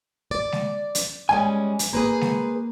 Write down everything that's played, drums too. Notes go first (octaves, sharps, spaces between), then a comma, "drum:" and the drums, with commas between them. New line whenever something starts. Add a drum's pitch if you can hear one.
D5
drum: snare G#3
drum: hi-hat
G3 G#3 C#4 G#5
drum: hi-hat
A#3 G#4 B4 C5
drum: snare G#3